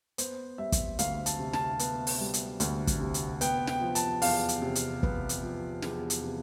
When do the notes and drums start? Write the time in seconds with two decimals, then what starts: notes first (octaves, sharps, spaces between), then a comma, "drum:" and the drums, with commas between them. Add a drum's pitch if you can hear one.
0.18 B3 C5, drum: hi-hat
0.58 G3 E5
0.72 drum: kick, hi-hat
0.99 D2 F5, drum: hi-hat
1.26 A5, drum: hi-hat
1.39 C3
1.53 A5, drum: snare
1.79 B3, drum: hi-hat
2.07 drum: open hi-hat
2.21 G3
2.34 drum: hi-hat
2.60 D2, drum: hi-hat
2.87 drum: kick, hi-hat
3.00 C3
3.14 drum: hi-hat
3.41 B3 G5, drum: hi-hat
3.67 G5, drum: snare
3.81 F3
3.95 A5, drum: hi-hat
4.22 E2 F5, drum: open hi-hat
4.49 drum: hi-hat
4.62 C3
4.75 drum: hi-hat
5.03 B3, drum: kick
5.29 drum: hi-hat
5.43 F3
5.82 E2, drum: snare
6.10 drum: hi-hat
6.23 C3